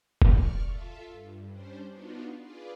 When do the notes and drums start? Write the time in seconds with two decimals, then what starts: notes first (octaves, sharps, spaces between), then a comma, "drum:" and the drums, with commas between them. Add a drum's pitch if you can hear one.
0.22 D5 C#6 F6, drum: kick E1
0.61 F4 A4 E5
1.10 G2
1.50 G3 C#4 D4 C5
1.89 B3 D4 D#4 F4 F#4
2.40 F4 G#4 B4 D5